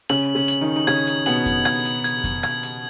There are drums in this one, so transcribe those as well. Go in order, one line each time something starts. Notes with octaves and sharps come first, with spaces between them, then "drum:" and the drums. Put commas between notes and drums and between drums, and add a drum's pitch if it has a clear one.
C#3 C#4 F#7, drum: rim click
C#3 C#4
F#7, drum: hi-hat
D#3 D#4
D#4
C#3 C#4 G#6, drum: rim click
drum: hi-hat
B2 B3 F#7, drum: hi-hat
drum: kick F2, hi-hat
G#6, drum: rim click
drum: hi-hat
G#6, drum: hi-hat
drum: kick F2, hi-hat
G#6, drum: rim click
drum: hi-hat